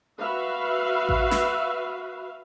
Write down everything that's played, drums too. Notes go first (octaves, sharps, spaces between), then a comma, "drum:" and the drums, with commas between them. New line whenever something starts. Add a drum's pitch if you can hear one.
F#4 B4 E5 F5
drum: kick A1
drum: snare